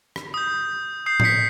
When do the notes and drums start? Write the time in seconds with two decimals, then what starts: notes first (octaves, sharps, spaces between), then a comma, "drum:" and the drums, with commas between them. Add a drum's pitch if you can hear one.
0.16 drum: rim click
0.34 D#6 G6
1.06 D#6 G6 C7
1.20 C7, drum: tom A2
1.24 B6 C#7